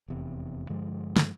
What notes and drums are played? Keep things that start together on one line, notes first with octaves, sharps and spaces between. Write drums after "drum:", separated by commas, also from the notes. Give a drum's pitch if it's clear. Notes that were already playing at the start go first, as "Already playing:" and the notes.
F1 E2 C3
G2 D3 F3 G#3
drum: snare